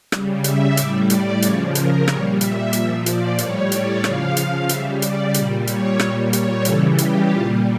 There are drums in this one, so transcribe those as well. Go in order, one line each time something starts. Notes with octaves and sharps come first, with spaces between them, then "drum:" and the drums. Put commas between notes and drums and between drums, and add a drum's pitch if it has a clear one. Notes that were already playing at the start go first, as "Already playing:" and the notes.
C#3 G3, drum: rim click
E5, drum: hi-hat
A2 G3 D5, drum: hi-hat
D5, drum: hi-hat
C#3 F3 C#5, drum: hi-hat
A#4, drum: hi-hat
A#2 G3 C#5, drum: rim click
E5, drum: hi-hat
A#2 F3 E5, drum: hi-hat
D5, drum: hi-hat
A2 G3 C#5, drum: hi-hat
D5, drum: hi-hat
C#3 F3 F5, drum: rim click
drum: hi-hat
C#3 G3 E5, drum: hi-hat
D5, drum: hi-hat
A#2 G3, drum: hi-hat
C#5, drum: hi-hat
A#2 G3 C#5, drum: rim click
C#5, drum: hi-hat
C#3 E3 G3 A4, drum: hi-hat
G4, drum: hi-hat
A#2 G3 F4